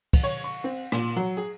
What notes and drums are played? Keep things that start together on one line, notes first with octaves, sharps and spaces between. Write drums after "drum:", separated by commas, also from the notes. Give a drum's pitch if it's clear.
drum: kick, cymbal
C#5
C#6
C4
A#2, drum: rim click
F#3
G#4